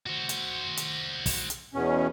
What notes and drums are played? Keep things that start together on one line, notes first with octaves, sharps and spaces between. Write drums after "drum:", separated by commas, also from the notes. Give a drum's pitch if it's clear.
F#4 C5
drum: hi-hat
drum: hi-hat
drum: kick, open hi-hat
drum: hi-hat
E2 B2 C#4